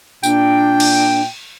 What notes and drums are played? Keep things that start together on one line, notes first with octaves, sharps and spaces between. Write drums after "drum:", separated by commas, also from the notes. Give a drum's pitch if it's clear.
A#2 D4 G5, drum: tambourine
drum: cymbal